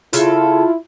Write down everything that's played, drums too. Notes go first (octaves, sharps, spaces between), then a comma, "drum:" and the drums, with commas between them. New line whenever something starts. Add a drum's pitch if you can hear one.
C#3 E4 F4 A4, drum: hi-hat